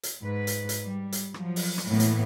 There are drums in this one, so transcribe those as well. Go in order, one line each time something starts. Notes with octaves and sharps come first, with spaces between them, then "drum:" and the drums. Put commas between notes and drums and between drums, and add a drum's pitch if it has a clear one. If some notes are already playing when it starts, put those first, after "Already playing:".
drum: hi-hat
G#2 B4
drum: hi-hat
drum: hi-hat
G3
drum: hi-hat
F3 F#3, drum: rim click
drum: open hi-hat
drum: rim click
A2 E3 A#3 B3
drum: hi-hat